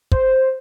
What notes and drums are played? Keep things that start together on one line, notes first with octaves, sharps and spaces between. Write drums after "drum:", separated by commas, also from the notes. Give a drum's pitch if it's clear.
C5, drum: kick